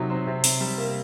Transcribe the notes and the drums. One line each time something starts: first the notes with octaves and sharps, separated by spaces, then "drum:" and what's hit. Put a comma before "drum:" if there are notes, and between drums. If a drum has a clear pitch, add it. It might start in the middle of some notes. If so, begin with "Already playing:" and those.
Already playing: C3 F#3 D#4
C4
C3
C3, drum: open hi-hat
G3
A#3